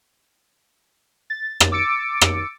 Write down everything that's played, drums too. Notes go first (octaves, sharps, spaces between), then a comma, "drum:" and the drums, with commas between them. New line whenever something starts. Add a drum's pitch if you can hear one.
A6
drum: rim click
D6 E6 A6 C#7 D7
drum: rim click